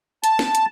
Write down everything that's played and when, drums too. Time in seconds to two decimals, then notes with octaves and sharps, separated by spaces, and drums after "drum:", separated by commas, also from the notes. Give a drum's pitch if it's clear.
0.24 A5, drum: hi-hat
0.39 drum: snare
0.55 drum: hi-hat